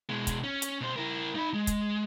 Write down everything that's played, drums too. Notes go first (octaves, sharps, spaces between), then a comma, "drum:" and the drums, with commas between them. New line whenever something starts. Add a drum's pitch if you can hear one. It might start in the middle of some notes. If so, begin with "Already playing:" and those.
B2 G#3
drum: kick, hi-hat
C#4
drum: hi-hat
B2 C5
E4 A#4
D#4 B5
G#3
drum: kick, hi-hat